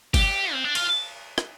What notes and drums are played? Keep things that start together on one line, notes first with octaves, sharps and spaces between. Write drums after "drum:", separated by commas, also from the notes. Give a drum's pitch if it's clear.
G4, drum: kick G1, cymbal
C4
D4
F4, drum: cymbal
drum: rim click